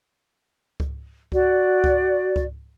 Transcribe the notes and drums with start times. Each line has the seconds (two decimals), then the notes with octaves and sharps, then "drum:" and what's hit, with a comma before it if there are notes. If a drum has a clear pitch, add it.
0.80 drum: kick C#2
1.32 F#4 D5, drum: kick C#2
1.84 drum: kick C#2
2.36 drum: kick C#2